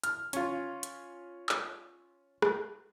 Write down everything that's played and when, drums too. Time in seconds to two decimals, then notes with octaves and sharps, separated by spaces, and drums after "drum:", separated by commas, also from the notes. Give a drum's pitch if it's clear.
0.04 F6, drum: hi-hat
0.33 C#4 F4, drum: hi-hat
0.83 drum: hi-hat
1.49 drum: clap
2.42 drum: rim click